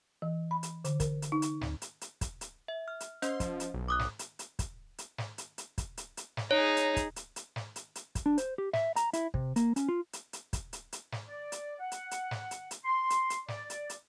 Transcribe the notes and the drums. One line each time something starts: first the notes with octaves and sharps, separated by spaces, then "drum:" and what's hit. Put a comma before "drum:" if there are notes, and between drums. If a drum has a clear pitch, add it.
E3
B5
drum: hi-hat
D3, drum: hi-hat
A#4, drum: kick, hi-hat
drum: hi-hat
D#4
drum: hi-hat
D2, drum: snare
drum: hi-hat
drum: hi-hat
drum: kick, hi-hat
drum: hi-hat
E5
F6
drum: hi-hat
C#4 C5 D#5 C6, drum: hi-hat
F3, drum: kick, hi-hat
drum: hi-hat
B1
D6 D#6 F#6
drum: snare
drum: hi-hat
drum: hi-hat
drum: kick, hi-hat
drum: hi-hat
drum: snare
drum: hi-hat
drum: hi-hat
drum: kick, hi-hat
drum: hi-hat
drum: hi-hat
drum: snare
D#4 G#4 C#5
drum: hi-hat
drum: kick, hi-hat
drum: hi-hat
drum: hi-hat
drum: snare
drum: hi-hat
drum: hi-hat
drum: kick, hi-hat
D4
C5, drum: hi-hat
G4
E5, drum: snare
A#5, drum: hi-hat
E4, drum: hi-hat
C3, drum: kick
A#3, drum: hi-hat
C#4, drum: hi-hat
F4
drum: hi-hat
drum: hi-hat
drum: kick, hi-hat
drum: hi-hat
drum: hi-hat
drum: snare
D5
drum: hi-hat
F#5
drum: hi-hat
drum: hi-hat
drum: snare
drum: hi-hat
drum: hi-hat
C6
drum: hi-hat
drum: hi-hat
D5, drum: snare
drum: hi-hat
drum: hi-hat